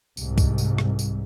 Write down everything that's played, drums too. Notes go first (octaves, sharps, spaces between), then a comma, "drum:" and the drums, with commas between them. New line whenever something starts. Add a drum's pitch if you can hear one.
C2 G#2, drum: tambourine
drum: kick C#2, tambourine
drum: tambourine
drum: rim click
drum: tambourine